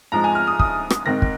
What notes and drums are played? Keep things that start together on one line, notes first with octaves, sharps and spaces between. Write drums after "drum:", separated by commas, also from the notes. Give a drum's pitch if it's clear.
G#2 F3 G#3 A#5
G#5
F6
D#6
D#6, drum: kick
drum: rim click
G#2 D#3 C4 D#4 A#6
drum: kick